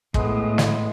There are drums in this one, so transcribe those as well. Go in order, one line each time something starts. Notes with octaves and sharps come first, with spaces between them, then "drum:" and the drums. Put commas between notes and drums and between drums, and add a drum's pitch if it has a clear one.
A2 G#3 B3, drum: kick
drum: snare